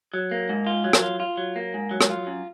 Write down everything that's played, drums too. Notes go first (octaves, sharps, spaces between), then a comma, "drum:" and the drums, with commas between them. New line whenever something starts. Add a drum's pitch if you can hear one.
F#3
A#3
G#2
F4
F#3
drum: rim click
F4
F4
F#3
A#3
G#2
F#3
drum: rim click
F4
F#2